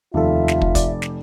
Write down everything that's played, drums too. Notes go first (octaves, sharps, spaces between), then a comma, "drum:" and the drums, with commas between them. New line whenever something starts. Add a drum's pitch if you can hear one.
F1 D#2 F4 A4 E5
drum: snare
drum: kick
D5, drum: kick, hi-hat
drum: snare